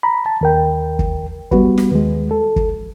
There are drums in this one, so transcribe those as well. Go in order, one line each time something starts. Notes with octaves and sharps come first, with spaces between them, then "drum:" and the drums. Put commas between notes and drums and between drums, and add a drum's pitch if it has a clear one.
A#5 B5
A5
D#2 A#4 G5
drum: kick
G3 B3 F#4 B4, drum: kick
drum: snare
D#2 G#3
A4
drum: kick